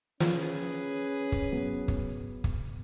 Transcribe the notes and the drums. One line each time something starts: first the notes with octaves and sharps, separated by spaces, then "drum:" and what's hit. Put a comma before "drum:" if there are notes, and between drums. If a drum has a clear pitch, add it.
F3 C#4 G#4 B4, drum: snare
drum: kick
F#3 B3
drum: kick
drum: kick